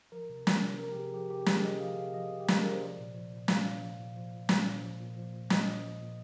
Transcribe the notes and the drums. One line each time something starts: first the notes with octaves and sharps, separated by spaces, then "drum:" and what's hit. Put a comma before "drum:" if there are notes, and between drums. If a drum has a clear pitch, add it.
F3 A#4
C3
F3, drum: snare
C3
F3 A#4
G4
C3 G#4
F3 G4
C3 G4
F3 G#4, drum: snare
C3 D#5
F3 F5
C3 F5
F3 D#5
C3
G4
F3 G#4, drum: snare
C3 A#4
C5
F3 D5
A#2
F3
A#2
F3 F5, drum: snare
A#2
F3
A#2
F3
A#2
F3, drum: snare
A#2
F3
A#2
F3
A#2
F3 D#5, drum: snare
A#2
F3
A#2